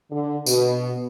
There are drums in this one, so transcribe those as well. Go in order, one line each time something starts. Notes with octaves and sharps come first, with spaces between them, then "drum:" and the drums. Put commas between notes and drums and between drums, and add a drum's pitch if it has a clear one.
D3
B2, drum: tambourine